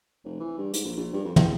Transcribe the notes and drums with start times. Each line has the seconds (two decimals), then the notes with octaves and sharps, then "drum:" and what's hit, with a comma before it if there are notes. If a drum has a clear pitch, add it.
0.24 F1
0.40 E3
0.58 G2
0.74 G#2, drum: hi-hat
0.85 A#1
0.97 A#1
1.13 G2
1.25 F2
1.36 E2, drum: tom